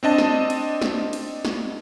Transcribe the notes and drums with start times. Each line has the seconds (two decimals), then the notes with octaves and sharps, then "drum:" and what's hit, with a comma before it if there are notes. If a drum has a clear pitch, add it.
0.03 C4 D4 D#5 A5
0.18 drum: snare
0.50 drum: cymbal
0.82 drum: snare
1.13 drum: cymbal
1.45 drum: snare